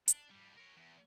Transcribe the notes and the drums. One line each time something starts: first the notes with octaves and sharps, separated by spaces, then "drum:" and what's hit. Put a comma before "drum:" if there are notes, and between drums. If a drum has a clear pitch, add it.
D4, drum: hi-hat
F2 G3
A#4 C#5
E2